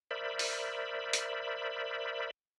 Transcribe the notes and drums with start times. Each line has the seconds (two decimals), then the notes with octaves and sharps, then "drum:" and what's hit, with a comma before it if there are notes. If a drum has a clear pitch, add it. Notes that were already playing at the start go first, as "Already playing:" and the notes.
0.11 A#4 C5 D5 E5 B5
0.39 drum: open hi-hat
1.13 drum: hi-hat